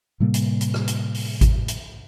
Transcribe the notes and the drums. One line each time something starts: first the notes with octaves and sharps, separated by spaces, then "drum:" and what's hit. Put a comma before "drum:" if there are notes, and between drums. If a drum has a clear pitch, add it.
A2 C3 G3 A#3
drum: hi-hat
drum: hi-hat
drum: rim click
drum: hi-hat
drum: open hi-hat
drum: kick G#1, hi-hat
drum: hi-hat